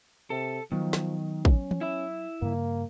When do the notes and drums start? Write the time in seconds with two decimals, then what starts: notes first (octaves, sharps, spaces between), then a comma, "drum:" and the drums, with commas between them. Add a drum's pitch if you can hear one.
0.30 C3 A4
0.72 D#3 F3 F#3 B3
0.93 drum: snare
1.45 C#4, drum: kick
1.71 drum: tom
1.81 E4 E5
2.42 G2 C#3 A#3